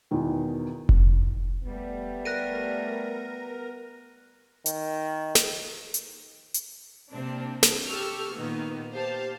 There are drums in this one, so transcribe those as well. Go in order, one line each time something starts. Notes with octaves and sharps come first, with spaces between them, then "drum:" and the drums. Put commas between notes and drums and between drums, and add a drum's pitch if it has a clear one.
E2 B2 D#3 E3
drum: kick F1
G3 A3 B3
A#4 F#6 A#6 D#7
D#3, drum: hi-hat
drum: snare
drum: hi-hat
drum: hi-hat
C3 A#3 C4 D4
drum: snare
G4 A4 C#6 E6 F6
A#2 D#3 A#3 B3
G4 C5 F5 A5